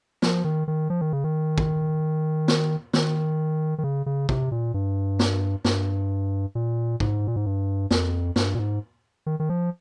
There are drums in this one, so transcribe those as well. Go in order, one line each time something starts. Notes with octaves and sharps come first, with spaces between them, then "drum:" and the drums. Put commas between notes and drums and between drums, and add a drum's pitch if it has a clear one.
F3, drum: snare
D#3
D#3
F3
D#3
C#3
D#3
drum: kick
drum: snare
D#3, drum: snare
D#3
C#3
C#3
C3, drum: kick
A#2
G2
drum: snare
G2, drum: snare
A#2
G#2, drum: kick
A#2
G#2
G2
F2, drum: snare
G2, drum: snare
A#2
G#2
D#3
D#3
F3